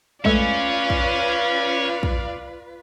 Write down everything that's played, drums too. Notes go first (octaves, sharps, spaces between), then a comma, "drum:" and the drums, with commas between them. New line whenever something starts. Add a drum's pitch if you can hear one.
G#3 A3 C#4 F4 A4 B4 D5 F5, drum: kick
drum: kick
drum: kick